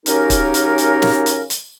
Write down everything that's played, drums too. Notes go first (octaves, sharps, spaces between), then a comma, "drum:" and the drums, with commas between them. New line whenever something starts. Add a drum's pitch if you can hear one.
C#3 F#3 C#4 D#4 G4 A#4, drum: hi-hat
drum: kick, hi-hat
drum: hi-hat
drum: hi-hat
drum: snare
drum: hi-hat
drum: hi-hat